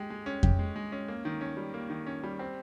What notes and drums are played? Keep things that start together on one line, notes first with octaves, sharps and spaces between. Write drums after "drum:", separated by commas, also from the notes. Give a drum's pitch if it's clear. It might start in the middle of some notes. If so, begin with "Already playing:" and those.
Already playing: G#3 G4
G#3
C#4
G4, drum: kick F2
G#3
G#3
C#4
A#3
D#3
C#4
G3
A#3
D#3
C#4
G3
C4